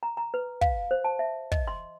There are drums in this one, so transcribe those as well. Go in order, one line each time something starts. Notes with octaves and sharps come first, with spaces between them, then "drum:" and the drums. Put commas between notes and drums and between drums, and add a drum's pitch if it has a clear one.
A#5
A#5
B4
F5, drum: kick
C5
A5
E5
D#5, drum: kick
C6